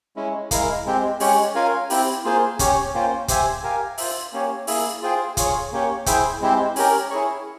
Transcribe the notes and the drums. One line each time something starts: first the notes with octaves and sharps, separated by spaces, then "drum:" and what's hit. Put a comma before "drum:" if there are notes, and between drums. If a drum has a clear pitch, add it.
G#3 C#4 E4
G#3 E4 A#4 F5, drum: kick, hi-hat
G#3 C4 G4
G#3 C#4 G4 C#5, drum: open hi-hat
C#4 F4 A#4 F5 G#5
C4 E4 G4, drum: open hi-hat
A#3 F4 G#4 C5
C#4 G4 C#5, drum: kick, hi-hat
A#3 C#4 F4 C5 G5
G4 C5 E5 G#5, drum: kick, hi-hat
G4 A#4 F5 G#5
F4 C5 E5, drum: open hi-hat
A#3 C#4 G4 C#5
A#3 E4 G#4 E5, drum: open hi-hat
F4 G#4 C5 G5
F4 G#4 C#5, drum: kick, hi-hat
A#3 C#4 G4 C#5
E4 G#4 C5 E5 G5, drum: kick, hi-hat
G#3 C4 E4 G4 C5
C#4 G4 A#4, drum: open hi-hat
E4 G#4 C#5